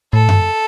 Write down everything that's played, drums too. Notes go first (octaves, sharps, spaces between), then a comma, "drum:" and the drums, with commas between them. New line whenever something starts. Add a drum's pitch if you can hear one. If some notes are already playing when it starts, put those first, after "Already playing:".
A2 A4
G2, drum: tom F#2